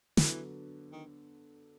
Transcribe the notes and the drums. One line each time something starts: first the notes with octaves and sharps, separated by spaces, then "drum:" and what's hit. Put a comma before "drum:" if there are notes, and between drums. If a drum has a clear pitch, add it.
D3 E3 F#3 B3 D4, drum: snare
D#3